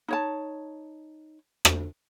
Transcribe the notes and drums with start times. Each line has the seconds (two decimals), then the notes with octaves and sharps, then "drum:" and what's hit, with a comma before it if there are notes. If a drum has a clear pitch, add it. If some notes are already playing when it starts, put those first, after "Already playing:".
0.08 D#4 C#5 A5
1.65 drum: rim click